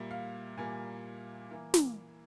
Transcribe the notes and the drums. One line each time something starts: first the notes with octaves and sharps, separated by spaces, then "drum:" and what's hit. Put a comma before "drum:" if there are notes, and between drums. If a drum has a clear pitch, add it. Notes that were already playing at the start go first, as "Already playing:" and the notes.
Already playing: A#2 G3 A#3 E5
F5
A#2 G3 A#3 G#5
E3 A#3
drum: snare